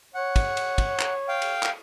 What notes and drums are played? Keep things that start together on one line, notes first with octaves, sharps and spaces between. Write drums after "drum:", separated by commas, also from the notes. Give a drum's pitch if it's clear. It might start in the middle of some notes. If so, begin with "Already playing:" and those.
C#5 F#5
drum: kick, cymbal
drum: cymbal
drum: kick, cymbal
drum: clap
F5 G5
drum: cymbal
drum: clap